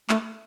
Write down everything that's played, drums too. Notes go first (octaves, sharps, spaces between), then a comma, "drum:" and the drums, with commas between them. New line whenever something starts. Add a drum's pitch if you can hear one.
A3, drum: clap